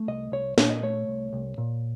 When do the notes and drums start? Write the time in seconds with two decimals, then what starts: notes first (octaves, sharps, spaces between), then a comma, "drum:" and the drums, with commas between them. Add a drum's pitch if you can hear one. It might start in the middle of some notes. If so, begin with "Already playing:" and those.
Already playing: A3
0.08 C2 D#5
0.32 C2 C#5
0.58 A#2 C#5, drum: snare
0.70 D#5
0.83 A3 C#5
1.08 C2
1.33 C2
1.58 A#2